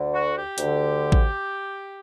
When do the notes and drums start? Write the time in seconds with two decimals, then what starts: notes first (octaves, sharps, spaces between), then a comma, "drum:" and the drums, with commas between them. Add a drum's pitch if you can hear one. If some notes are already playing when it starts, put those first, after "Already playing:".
Already playing: D2 D3
0.14 F#4
0.37 G4
0.58 D2 D3, drum: hi-hat
1.12 drum: kick A1